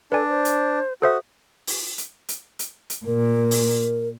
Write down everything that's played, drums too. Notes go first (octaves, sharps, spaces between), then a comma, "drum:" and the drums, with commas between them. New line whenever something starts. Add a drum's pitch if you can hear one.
D4 A4 B4 D5 G#5
C5
drum: hi-hat
F#4 A4 C5 E5 D#6
drum: open hi-hat
drum: hi-hat
drum: hi-hat
drum: hi-hat
drum: hi-hat
A#2 A#4
drum: open hi-hat